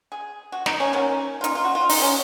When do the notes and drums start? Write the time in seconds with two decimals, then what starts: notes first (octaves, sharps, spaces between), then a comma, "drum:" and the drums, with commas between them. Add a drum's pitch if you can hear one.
0.12 G#4
0.52 F#4
0.66 D#4, drum: snare
0.80 C#4
0.93 D#3 F#3 A#3 C#4
1.41 F4
1.44 D#4, drum: hi-hat
1.55 F4
1.64 F#4
1.75 F4
1.89 D#4, drum: open hi-hat
2.02 C#4